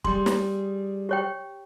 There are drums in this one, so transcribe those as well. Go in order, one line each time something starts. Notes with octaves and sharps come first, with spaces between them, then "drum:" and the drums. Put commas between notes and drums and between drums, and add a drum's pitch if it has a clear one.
G3 G#4 C6, drum: kick
drum: snare
G4 C#5 G5